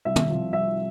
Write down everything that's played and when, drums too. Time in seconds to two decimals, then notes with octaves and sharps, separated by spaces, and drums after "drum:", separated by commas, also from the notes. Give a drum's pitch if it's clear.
0.05 C2 E5
0.16 drum: tom
0.29 C3 F3
0.53 C2 E5